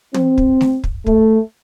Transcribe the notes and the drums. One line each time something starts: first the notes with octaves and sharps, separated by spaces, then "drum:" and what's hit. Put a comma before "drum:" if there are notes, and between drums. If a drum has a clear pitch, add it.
C4, drum: tom
drum: kick
drum: snare A3
drum: kick
A3, drum: kick